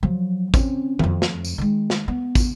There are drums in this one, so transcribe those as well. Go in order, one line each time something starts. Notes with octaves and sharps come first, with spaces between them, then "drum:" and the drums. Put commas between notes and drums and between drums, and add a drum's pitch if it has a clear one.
F3 F#3
C4 C#4, drum: kick, tambourine
F2 F3, drum: tom D#3
drum: snare
drum: tambourine
D#3 G#3
drum: snare
B3
drum: kick, tambourine